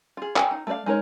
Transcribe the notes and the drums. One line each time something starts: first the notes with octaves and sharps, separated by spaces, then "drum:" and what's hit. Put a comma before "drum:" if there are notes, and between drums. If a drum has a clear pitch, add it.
F4 G#4
G5 G#5, drum: clap
D#4
A3 A4 B4 D5 F5
G#3 D#4 A#4 C#5